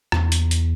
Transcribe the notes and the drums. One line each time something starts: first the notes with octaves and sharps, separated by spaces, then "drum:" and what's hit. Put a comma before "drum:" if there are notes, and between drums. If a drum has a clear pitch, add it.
E2, drum: rim click
drum: hi-hat
drum: hi-hat